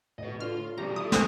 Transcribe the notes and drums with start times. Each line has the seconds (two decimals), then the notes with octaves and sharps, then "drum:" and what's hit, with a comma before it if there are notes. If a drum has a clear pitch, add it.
0.19 A2 B4 D#5
0.40 D3 F4 F6
0.54 A2
0.78 B2 F3 G3 G4 A#5
0.96 E4 A4 D#6
1.12 drum: snare